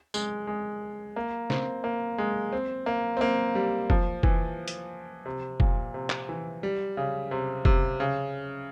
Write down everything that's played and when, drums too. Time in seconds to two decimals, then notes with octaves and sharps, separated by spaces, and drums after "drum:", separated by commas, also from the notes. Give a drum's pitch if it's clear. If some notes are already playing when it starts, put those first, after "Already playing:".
0.14 G#3, drum: tambourine
0.47 G#3
1.16 A#3
1.50 C4, drum: snare
1.84 A#3
2.18 G#3
2.52 C4
2.86 A#3
3.17 C4
3.21 A#3
3.55 G3
3.90 F3, drum: kick F1
4.23 E3, drum: kick F1
4.68 drum: hi-hat
5.26 C3
5.60 A#2, drum: kick F1
5.94 C3
6.10 drum: clap
6.29 E3
6.63 G3
6.97 C#3
7.31 C3
7.65 C3, drum: kick F1
8.00 C#3